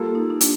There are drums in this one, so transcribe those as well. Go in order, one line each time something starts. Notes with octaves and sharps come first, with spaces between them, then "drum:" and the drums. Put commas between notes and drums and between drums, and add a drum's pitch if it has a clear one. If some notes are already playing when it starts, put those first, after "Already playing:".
Already playing: G3 A#3 F4 A4
D#4
D#4
D4, drum: hi-hat